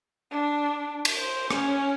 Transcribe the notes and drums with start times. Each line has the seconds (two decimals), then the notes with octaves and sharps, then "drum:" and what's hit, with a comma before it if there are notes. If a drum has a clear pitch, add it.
0.31 D4
1.05 drum: cymbal
1.18 C5
1.51 C#4, drum: rim click